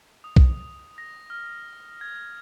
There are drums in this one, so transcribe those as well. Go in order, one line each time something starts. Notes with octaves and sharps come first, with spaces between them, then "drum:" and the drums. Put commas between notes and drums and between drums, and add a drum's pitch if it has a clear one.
D#6
drum: kick B1
A#6
F6
G#6